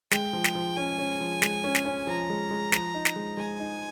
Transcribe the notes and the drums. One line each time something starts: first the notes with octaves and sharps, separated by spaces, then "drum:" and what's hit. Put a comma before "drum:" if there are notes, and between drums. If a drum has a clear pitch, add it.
G#3 G5, drum: snare
F3
drum: snare
F3
C#4 G#5
C#4
F3
G#3, drum: snare
C#4
drum: snare
C#4
F3 A#5
G#3
G#3
F3, drum: snare
D#4
drum: snare
G#3
G#3 G#5
D#4